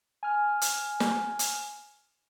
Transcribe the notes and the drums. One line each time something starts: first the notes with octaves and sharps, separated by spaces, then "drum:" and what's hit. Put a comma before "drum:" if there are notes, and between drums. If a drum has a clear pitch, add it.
G#5 F6
drum: hi-hat
drum: snare
drum: hi-hat